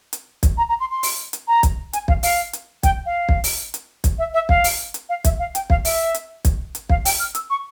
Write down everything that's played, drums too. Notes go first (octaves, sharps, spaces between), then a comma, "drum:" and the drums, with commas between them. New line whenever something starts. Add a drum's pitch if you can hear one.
drum: hi-hat
drum: kick, hi-hat
A#5
A#5
C6
C6
drum: open hi-hat
drum: hi-hat
A#5
drum: kick, hi-hat
G#5, drum: hi-hat
F5, drum: kick
F5, drum: open hi-hat
drum: hi-hat
G5, drum: kick, hi-hat
F5
drum: kick
drum: open hi-hat
drum: hi-hat
drum: kick, hi-hat
E5
E5
F5, drum: kick
drum: open hi-hat
drum: hi-hat
F5
E5, drum: kick, hi-hat
F5
G5, drum: hi-hat
F5, drum: kick
E5, drum: open hi-hat
drum: hi-hat
drum: kick, hi-hat
drum: hi-hat
F5, drum: kick
G5, drum: open hi-hat
F6
E6, drum: hi-hat
C#6